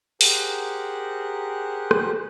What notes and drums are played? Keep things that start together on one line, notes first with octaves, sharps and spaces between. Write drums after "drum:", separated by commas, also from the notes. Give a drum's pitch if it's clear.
G4 G#4 A#4 C5 F#5 F#6, drum: open hi-hat
drum: rim click